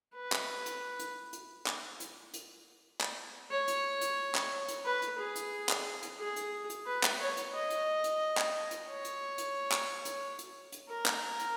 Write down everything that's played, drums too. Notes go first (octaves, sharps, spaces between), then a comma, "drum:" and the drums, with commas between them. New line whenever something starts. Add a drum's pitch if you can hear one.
B4
drum: clap
drum: hi-hat
drum: hi-hat
drum: hi-hat
drum: clap
drum: hi-hat
drum: hi-hat
drum: clap
C#5
drum: hi-hat
drum: hi-hat
drum: clap
drum: hi-hat
B4
drum: hi-hat
G#4
drum: hi-hat
drum: clap
drum: hi-hat
G#4
drum: hi-hat
drum: hi-hat
B4
drum: clap
C#5
drum: hi-hat
D#5
drum: hi-hat
drum: hi-hat
drum: clap
drum: hi-hat
C#5
drum: hi-hat
drum: hi-hat
drum: clap
drum: hi-hat
drum: hi-hat
drum: hi-hat
A#4
drum: clap
drum: hi-hat